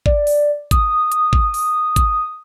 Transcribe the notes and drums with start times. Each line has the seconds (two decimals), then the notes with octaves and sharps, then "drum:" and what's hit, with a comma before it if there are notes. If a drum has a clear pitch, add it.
0.06 D5, drum: kick
0.27 drum: open hi-hat
0.71 D#6, drum: kick, hi-hat
1.12 drum: hi-hat
1.33 drum: kick
1.54 drum: open hi-hat
1.96 drum: kick, hi-hat